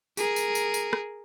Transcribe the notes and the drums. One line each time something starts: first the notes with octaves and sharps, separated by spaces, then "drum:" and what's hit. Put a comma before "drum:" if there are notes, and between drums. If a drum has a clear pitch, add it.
G#4 A#4, drum: tambourine
drum: tambourine
drum: tambourine
drum: tambourine
drum: rim click